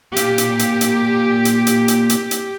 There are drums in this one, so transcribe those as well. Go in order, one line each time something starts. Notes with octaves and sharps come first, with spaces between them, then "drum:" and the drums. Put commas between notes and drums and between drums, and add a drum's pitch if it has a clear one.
A#2 G4 F5, drum: hi-hat
drum: hi-hat
drum: hi-hat
drum: hi-hat
drum: hi-hat
drum: hi-hat
drum: hi-hat
drum: hi-hat
drum: hi-hat